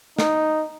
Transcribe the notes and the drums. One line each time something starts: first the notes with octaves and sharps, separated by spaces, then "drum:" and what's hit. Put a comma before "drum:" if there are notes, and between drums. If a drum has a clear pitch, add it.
D#4, drum: snare